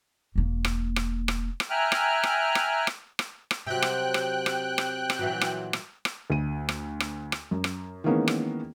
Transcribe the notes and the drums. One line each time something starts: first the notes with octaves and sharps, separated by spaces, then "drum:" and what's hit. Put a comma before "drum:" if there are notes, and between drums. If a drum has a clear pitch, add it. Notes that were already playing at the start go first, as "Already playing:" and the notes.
E1 A#3
drum: rim click
drum: rim click
drum: rim click
drum: rim click
E5 G5 G#5 A#5 F6 F#6
drum: rim click
drum: rim click
drum: rim click
drum: rim click
drum: rim click
drum: rim click
C3 F#3 G5 F#6
drum: rim click
drum: rim click
drum: rim click
drum: rim click
drum: rim click
A#2 E3 F#3
drum: rim click
drum: rim click
drum: rim click
D2 D#7
drum: rim click
drum: rim click
drum: rim click
F#2
drum: rim click
D#3 E3 G#3 A#3 B3 C#4
drum: rim click